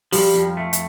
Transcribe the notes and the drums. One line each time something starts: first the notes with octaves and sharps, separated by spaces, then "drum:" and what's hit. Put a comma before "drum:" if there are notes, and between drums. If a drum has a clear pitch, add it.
F3 G3, drum: open hi-hat
F2
A3
drum: hi-hat